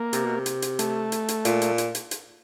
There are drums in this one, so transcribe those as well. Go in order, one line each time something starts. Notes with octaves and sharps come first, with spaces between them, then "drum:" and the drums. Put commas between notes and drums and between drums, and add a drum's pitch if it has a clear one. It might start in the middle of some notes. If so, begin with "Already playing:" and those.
Already playing: A#3
C3, drum: hi-hat
B2
C3
drum: hi-hat
drum: hi-hat
A3, drum: hi-hat
drum: hi-hat
drum: hi-hat
A#2, drum: hi-hat
drum: hi-hat
drum: hi-hat
drum: hi-hat
drum: hi-hat